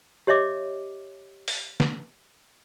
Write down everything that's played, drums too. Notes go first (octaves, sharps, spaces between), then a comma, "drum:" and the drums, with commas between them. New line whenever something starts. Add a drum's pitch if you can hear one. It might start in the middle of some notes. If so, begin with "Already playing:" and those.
G4 C#5 D#5 E5 D6
drum: open hi-hat
drum: snare